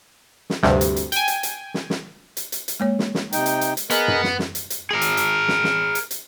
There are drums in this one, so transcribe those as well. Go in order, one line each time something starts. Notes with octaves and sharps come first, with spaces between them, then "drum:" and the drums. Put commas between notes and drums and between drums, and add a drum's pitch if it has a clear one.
drum: snare
D2 G2 C3, drum: snare
drum: hi-hat
drum: hi-hat
G5 G#5, drum: hi-hat
drum: hi-hat
drum: hi-hat
drum: snare
drum: snare
drum: hi-hat
drum: hi-hat
drum: hi-hat
G#3 A#3 C#5
drum: snare
drum: snare
C3 D#4 G5, drum: hi-hat
drum: hi-hat
drum: hi-hat
drum: hi-hat
B3 G#4 A#4 D#5, drum: hi-hat
drum: tom F#2
drum: snare
drum: snare
drum: hi-hat
drum: hi-hat
G#4 A#4
drum: hi-hat
drum: hi-hat
drum: snare
drum: snare
drum: hi-hat
drum: hi-hat